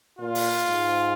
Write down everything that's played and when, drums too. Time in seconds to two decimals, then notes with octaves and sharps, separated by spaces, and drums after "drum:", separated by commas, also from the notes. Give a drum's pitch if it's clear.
0.19 A#2 F4
0.35 drum: open hi-hat
0.67 G#2